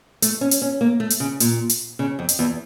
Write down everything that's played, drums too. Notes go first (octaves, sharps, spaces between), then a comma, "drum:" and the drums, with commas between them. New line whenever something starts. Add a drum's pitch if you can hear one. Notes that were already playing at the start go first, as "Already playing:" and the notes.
A3, drum: hi-hat
C#4
drum: hi-hat
C#4
A#3
A3
drum: hi-hat
C#3
A#2, drum: hi-hat
drum: hi-hat
C#3
F2
drum: hi-hat
E2